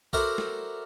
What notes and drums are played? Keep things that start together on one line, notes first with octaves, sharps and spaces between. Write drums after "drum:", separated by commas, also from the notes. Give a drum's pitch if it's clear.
F#4 A4 A#4 C5 D5 E5, drum: kick B1
drum: snare